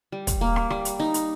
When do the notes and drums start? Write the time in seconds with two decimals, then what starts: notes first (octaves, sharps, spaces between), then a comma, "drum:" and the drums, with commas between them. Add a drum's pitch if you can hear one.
0.12 G3
0.27 drum: kick, hi-hat
0.41 A#3
0.56 drum: rim click
0.70 G3, drum: rim click
0.85 drum: hi-hat
1.00 D#4
1.14 drum: hi-hat